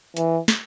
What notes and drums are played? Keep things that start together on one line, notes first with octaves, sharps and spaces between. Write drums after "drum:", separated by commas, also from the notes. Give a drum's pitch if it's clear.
E3, drum: hi-hat
drum: snare